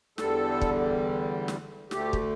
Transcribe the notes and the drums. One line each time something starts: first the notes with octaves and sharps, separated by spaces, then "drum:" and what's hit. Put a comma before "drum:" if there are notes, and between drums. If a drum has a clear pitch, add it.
E2 D3 G3 A4, drum: snare
drum: kick
drum: snare
D2 D3 A3 G4, drum: snare
drum: kick